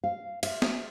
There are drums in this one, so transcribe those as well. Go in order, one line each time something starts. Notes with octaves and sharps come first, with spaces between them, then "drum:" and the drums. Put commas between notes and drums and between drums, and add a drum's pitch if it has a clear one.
F5
E5, drum: cymbal
drum: snare